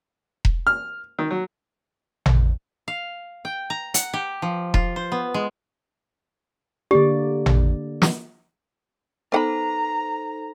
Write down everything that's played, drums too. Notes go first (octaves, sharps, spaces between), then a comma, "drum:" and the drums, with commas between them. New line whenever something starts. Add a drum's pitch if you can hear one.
drum: kick E1
F6
D#3
F#3
drum: tom A1
F5
G5
A#5
F#5, drum: hi-hat
G4
F3
F4, drum: kick E1
C5
B3
G#3
D3 A#3 G4 D5
drum: tom A1
drum: snare
B3 D#4 A4 C5 F#5 A#5 B5